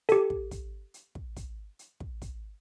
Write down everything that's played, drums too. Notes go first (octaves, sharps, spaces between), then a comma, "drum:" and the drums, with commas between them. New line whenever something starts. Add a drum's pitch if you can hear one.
G4 A4, drum: hi-hat
drum: kick
drum: kick, hi-hat
drum: hi-hat
drum: kick
drum: kick, hi-hat
drum: hi-hat
drum: kick
drum: kick, hi-hat